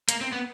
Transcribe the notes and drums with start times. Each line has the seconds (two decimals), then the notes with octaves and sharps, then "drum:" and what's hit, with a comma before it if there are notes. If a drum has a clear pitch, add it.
0.09 A#3, drum: hi-hat
0.21 C4
0.32 B3